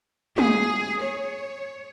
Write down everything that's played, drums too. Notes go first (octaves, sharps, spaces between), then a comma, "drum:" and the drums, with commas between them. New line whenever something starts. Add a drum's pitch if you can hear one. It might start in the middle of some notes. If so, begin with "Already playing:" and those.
G#4, drum: tom
C#5